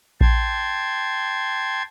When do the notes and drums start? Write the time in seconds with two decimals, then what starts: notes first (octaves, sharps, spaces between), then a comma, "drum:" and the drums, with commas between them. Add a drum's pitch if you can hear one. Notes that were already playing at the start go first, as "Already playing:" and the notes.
0.21 G5 A5 C6 G#6, drum: kick A#1